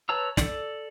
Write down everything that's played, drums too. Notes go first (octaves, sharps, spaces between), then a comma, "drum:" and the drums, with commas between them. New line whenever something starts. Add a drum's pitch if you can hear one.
B4 C#5 A5 A#5 E6
A4 D5, drum: snare